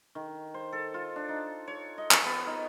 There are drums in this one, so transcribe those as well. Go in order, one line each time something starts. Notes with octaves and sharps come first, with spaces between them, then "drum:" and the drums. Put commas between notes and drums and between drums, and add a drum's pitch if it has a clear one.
D#3
C5
A4
F4
D4
D#4
C#5
D#5
drum: clap
B3
D#4